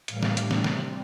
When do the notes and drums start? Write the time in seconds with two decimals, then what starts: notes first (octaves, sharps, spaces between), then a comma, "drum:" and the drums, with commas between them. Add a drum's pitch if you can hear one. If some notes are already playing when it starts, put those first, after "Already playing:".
0.08 A2 E3 G3 A#3 F5, drum: hi-hat
0.23 drum: snare
0.37 A2 G3 D4, drum: hi-hat
0.51 drum: snare
0.64 C3 G3 C4, drum: snare